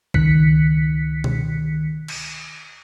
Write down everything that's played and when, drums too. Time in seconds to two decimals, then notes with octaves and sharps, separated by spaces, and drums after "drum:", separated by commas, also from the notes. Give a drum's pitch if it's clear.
0.14 C#2 D#3 F#6 B6 C#7, drum: kick C2
1.24 drum: tom B2
2.08 drum: cymbal